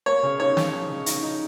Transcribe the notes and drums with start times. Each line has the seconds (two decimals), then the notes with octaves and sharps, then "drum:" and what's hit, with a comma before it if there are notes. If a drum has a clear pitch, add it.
0.06 A#3 C#5
0.23 C#3
0.40 D#4 C#5
0.57 F3, drum: snare
0.73 D#4
0.89 C#3
1.06 D#4, drum: hi-hat
1.23 D#4